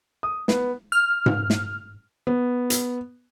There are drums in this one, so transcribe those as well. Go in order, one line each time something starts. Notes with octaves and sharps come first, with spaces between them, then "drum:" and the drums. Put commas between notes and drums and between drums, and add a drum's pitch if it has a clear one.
D#6
B3, drum: snare
F6
drum: tom G#2
drum: snare
B3
drum: hi-hat